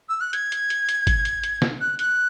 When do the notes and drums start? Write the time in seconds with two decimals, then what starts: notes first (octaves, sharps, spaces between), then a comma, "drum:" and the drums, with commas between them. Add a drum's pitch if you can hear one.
0.09 E6
0.20 F#6
0.33 G#6, drum: hi-hat
0.52 drum: hi-hat
0.70 drum: hi-hat
0.89 drum: hi-hat
1.07 drum: kick G1, hi-hat
1.25 drum: hi-hat
1.43 drum: hi-hat
1.62 drum: snare
1.81 F#6
1.99 F#6, drum: hi-hat